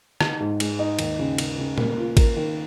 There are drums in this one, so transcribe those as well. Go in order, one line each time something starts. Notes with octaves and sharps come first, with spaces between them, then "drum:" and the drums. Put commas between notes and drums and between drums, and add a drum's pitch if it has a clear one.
D#4, drum: rim click
G#2
G#3, drum: cymbal
D#4
D#2, drum: cymbal
C#3
C#3, drum: cymbal
C#3
A#3, drum: tom A#2
F4
A#4, drum: kick A1, cymbal
D#3